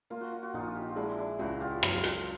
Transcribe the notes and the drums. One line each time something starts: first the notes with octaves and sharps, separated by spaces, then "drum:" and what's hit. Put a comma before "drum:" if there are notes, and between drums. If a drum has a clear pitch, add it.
A#3 F4
F#4
F4
F#4
A#1 D#4 F4
G4
F#4
F4
G#3 D4 E4
D4 E4
C#2 E4 F#4
F4 G4
F#3, drum: rim click
drum: hi-hat